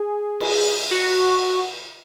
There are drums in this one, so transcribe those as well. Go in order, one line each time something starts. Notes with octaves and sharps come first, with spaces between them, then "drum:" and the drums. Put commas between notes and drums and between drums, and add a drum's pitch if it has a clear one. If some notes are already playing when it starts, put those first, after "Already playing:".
Already playing: G#4
drum: cymbal
F#4